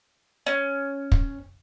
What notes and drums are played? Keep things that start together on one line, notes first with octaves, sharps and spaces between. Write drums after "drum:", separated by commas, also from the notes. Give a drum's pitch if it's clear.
C#4
drum: kick